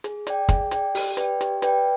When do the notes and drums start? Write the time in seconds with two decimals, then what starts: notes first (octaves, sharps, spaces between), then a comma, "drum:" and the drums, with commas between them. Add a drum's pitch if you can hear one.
0.04 G#4, drum: hi-hat
0.27 D5 G5, drum: hi-hat
0.49 G#4, drum: kick, hi-hat
0.71 D5 G5, drum: hi-hat
0.95 G4, drum: open hi-hat
1.17 B4 D5 G5, drum: hi-hat
1.41 G4, drum: hi-hat
1.62 B4 D5 G5, drum: hi-hat